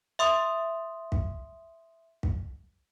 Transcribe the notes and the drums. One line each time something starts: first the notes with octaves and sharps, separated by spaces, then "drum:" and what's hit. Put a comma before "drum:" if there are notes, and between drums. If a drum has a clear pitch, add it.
E5 C6 D#6
drum: kick
drum: kick